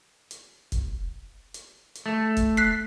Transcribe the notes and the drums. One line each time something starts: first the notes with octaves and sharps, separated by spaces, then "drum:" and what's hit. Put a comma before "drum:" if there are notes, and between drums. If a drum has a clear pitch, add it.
drum: hi-hat
drum: kick F1, hi-hat
drum: hi-hat
drum: hi-hat
A3
drum: kick F1, hi-hat
F#6 B6 C7